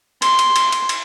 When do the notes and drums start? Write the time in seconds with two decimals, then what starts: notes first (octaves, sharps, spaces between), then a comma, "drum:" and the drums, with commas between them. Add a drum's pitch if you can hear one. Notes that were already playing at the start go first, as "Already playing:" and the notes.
0.22 C6, drum: cymbal
0.39 drum: cymbal
0.56 drum: cymbal
0.72 drum: cymbal
0.89 drum: cymbal